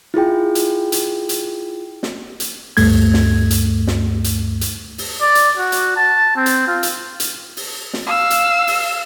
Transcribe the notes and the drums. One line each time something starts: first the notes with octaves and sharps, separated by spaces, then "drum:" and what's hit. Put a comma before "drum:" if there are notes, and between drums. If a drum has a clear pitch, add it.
E4 F4 G#4 G5
drum: hi-hat
drum: hi-hat
drum: hi-hat
drum: snare
drum: hi-hat
D2 G2 A3 G#6, drum: open hi-hat
drum: snare
drum: hi-hat
drum: snare
drum: hi-hat
drum: hi-hat
drum: open hi-hat
D5
drum: hi-hat
F#4
drum: hi-hat
A5
C4
drum: hi-hat
F4
drum: hi-hat
drum: hi-hat
drum: open hi-hat
drum: snare
F5 E6
drum: hi-hat
drum: open hi-hat